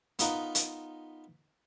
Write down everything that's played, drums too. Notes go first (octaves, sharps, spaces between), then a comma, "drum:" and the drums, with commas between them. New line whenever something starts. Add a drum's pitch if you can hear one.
B3 D#4 F4 A#4 B4, drum: hi-hat
drum: hi-hat